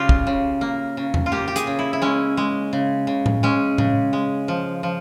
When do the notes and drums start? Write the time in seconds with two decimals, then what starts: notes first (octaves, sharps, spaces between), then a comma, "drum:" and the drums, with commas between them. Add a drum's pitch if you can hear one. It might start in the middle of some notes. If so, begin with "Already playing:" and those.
Already playing: C#3 G3 F4 G4
0.09 drum: kick
0.27 C#3
0.61 A#3
0.97 C#3
1.14 drum: tom E2
1.26 F4
1.32 A#3 G4
1.48 G4
1.56 G#4, drum: hi-hat
1.67 C#3
1.79 E4
1.93 E4
2.02 G#3 C#4
2.37 G#3
2.73 C#3
3.07 C#3
3.26 drum: tom A2
3.43 G#3 C#4
3.78 C#3, drum: tom A2
4.13 G#3
4.48 F3
4.83 F3